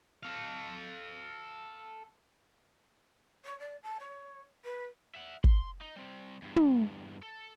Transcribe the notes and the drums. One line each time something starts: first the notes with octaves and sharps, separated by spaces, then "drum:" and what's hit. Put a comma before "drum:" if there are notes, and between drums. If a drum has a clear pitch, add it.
A4 F5
C#5
D5
A5
C#5
B4
E5 F#5
C6, drum: kick
D#4
G3 C4
E2 G2
drum: tom
A4